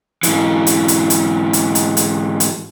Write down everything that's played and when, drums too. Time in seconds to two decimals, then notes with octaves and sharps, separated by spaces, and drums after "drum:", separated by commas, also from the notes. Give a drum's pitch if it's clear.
0.23 G#2 E3, drum: hi-hat
0.67 drum: hi-hat
0.88 drum: hi-hat
1.10 drum: hi-hat
1.53 drum: hi-hat
1.75 drum: hi-hat
1.97 drum: hi-hat
2.40 drum: hi-hat